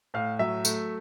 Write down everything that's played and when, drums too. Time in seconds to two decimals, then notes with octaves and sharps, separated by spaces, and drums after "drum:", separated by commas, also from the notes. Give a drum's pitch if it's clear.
0.14 A2 F5
0.39 F#3 E5
0.65 A3, drum: tambourine